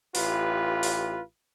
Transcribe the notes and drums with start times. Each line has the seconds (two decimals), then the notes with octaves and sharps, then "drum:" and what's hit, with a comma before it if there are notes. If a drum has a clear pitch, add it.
0.15 A1 F4 G4 B4, drum: open hi-hat
0.83 drum: open hi-hat